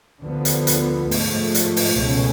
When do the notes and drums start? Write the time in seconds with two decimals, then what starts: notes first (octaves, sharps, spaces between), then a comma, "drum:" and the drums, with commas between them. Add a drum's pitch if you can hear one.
0.23 D2 D3 F3 B3
0.45 drum: hi-hat
0.67 drum: hi-hat
1.11 G#2 F3 A3, drum: open hi-hat
1.55 drum: hi-hat
1.76 drum: open hi-hat
1.98 C#2 B2 A3 C#4